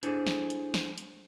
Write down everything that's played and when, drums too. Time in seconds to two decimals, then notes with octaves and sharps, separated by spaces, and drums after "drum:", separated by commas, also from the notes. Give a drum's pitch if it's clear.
0.03 D4 E4 G#4 A4 C5, drum: hi-hat
0.27 drum: snare
0.50 drum: hi-hat
0.74 drum: snare
0.98 drum: hi-hat